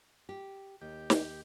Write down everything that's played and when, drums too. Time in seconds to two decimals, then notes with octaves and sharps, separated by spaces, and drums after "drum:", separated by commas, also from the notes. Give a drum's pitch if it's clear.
0.29 G4
0.81 D#2 G4
1.10 drum: snare